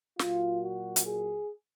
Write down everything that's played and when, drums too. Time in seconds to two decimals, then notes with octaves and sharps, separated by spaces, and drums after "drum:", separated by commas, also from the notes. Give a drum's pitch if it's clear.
0.19 A#2 F#3 F4, drum: snare
0.63 F#4
0.96 drum: hi-hat
1.06 G#4